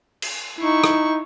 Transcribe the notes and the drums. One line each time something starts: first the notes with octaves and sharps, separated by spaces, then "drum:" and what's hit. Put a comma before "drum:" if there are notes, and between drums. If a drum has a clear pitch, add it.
drum: cymbal
D#4 E4 C#6
drum: rim click